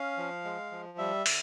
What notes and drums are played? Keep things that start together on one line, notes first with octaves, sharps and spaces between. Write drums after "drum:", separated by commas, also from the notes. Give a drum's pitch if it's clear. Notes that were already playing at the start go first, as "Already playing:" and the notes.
Already playing: C#4 F5
F3
G#3
F3
G3 E5
D3, drum: open hi-hat